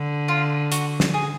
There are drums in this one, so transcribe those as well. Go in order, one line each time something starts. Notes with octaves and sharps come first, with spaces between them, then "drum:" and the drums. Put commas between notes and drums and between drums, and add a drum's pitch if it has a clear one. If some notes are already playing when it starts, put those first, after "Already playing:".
Already playing: D3
F4
F#4, drum: hi-hat
drum: snare
G#4